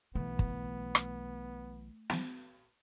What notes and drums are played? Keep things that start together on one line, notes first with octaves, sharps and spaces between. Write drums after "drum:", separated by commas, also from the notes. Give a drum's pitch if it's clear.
B1 E3 A3 B3
drum: kick
drum: rim click
drum: snare